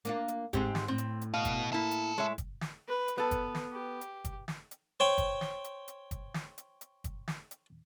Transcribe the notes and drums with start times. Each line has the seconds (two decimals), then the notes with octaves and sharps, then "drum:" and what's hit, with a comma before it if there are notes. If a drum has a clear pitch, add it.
0.05 A#3 D4 F4, drum: hi-hat
0.28 drum: hi-hat
0.53 G#2 G#3 C4 G4, drum: kick, hi-hat
0.75 drum: snare
0.88 A2 C4
0.98 drum: hi-hat
1.21 drum: hi-hat
1.34 B2 F5
1.45 drum: kick, hi-hat
1.73 A#3 E4 A#4 A5
1.91 drum: hi-hat
2.18 G#3 C#5 E5
2.38 drum: kick, hi-hat
2.61 drum: snare
2.88 B4
3.08 drum: hi-hat
3.18 B3 A4 B4
3.31 drum: kick, hi-hat
3.55 drum: snare
3.72 G4
4.01 drum: hi-hat
4.24 drum: kick, hi-hat
4.48 drum: snare
4.71 drum: hi-hat
5.00 C5 C#5 G5
5.18 drum: kick, hi-hat
5.41 drum: snare
5.64 drum: hi-hat
5.88 drum: hi-hat
6.11 drum: kick, hi-hat
6.34 drum: snare
6.58 drum: hi-hat
6.81 drum: hi-hat
7.04 drum: kick, hi-hat
7.28 drum: snare
7.51 drum: hi-hat